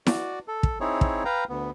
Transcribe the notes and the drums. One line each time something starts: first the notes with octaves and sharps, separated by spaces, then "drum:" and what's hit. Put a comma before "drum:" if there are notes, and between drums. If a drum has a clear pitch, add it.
F#4 D5, drum: snare E4
A4
drum: kick
C4 D#4 E4 G#4 C#5
drum: kick
B4 F5 G5 A#5
D2 B3